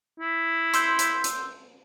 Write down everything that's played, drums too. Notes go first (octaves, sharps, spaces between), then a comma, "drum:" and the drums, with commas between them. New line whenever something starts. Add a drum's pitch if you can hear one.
E4
C6 E6 G6, drum: hi-hat
drum: hi-hat
drum: hi-hat